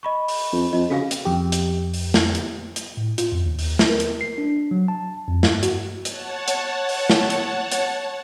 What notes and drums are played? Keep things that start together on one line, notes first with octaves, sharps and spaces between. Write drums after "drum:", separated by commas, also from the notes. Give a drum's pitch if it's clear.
D#5 B5 C#6
drum: open hi-hat
F2
F2 D#5
C#3 F#4 G#4 F5
drum: hi-hat
F2 G4
drum: hi-hat
drum: open hi-hat
drum: snare
drum: hi-hat
drum: hi-hat
A2
F4, drum: hi-hat
F2
D#2
drum: open hi-hat
drum: snare
A#4
drum: hi-hat
C7
D4
F#3
A5
F2
G2, drum: snare
F#4, drum: hi-hat
C#5 F#5 A5, drum: hi-hat
drum: hi-hat
drum: open hi-hat
drum: snare
drum: hi-hat
drum: hi-hat